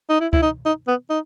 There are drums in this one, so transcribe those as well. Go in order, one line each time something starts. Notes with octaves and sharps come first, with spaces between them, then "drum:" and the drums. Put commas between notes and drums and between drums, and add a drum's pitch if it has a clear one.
D#4
E4
E4, drum: kick C#2
D#4
D#4
B3
D#4